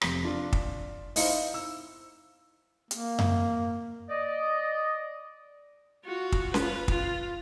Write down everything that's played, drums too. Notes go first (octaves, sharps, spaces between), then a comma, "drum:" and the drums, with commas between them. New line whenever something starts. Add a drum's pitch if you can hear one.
F1 B6, drum: rim click
D4 F4 D5
drum: kick
D#4 E4 C5 D#5 F5, drum: open hi-hat
E6
A#3, drum: hi-hat
drum: tom F#2
D5 D#5
F4 F#4
drum: kick
F4 B4, drum: snare C#4
F4, drum: kick